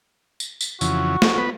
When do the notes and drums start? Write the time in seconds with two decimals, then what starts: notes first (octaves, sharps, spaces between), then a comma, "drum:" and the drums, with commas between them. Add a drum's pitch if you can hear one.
0.40 drum: tambourine
0.61 drum: tambourine
0.81 F2 C#3 E3 F#4, drum: tambourine
1.22 drum: snare
1.38 B3 B4